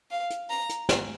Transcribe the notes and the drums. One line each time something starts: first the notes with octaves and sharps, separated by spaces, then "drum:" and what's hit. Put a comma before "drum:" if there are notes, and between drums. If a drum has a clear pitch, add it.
F5
drum: hi-hat
A#5
drum: hi-hat
drum: snare